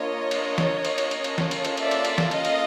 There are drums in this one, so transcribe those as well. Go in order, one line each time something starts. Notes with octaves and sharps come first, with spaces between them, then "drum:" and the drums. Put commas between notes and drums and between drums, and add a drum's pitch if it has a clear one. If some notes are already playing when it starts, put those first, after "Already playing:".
Already playing: A#3 D4 F4 C#5 D#5
drum: cymbal
drum: snare
drum: cymbal
drum: cymbal
drum: cymbal
A#3 C#4 F4 A4, drum: cymbal
drum: snare
drum: cymbal
drum: cymbal
D5 E5, drum: cymbal
drum: cymbal
drum: cymbal
drum: snare
D#5 F5, drum: cymbal
drum: cymbal